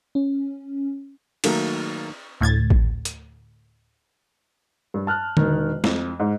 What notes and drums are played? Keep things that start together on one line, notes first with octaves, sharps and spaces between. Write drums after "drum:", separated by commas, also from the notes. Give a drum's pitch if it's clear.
C#4
D#3 F#3 A3 A#3, drum: cymbal
D2 A2 G#6 A6
drum: kick A1
drum: hi-hat
G2
A5 F6 F#6
E1 D#3, drum: tom D3
F2, drum: snare
G#2